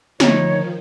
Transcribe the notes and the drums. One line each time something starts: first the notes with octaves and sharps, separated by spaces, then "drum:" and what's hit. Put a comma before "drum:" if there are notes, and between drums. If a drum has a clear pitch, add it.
D2 D#3 F3 D#4 C#5, drum: snare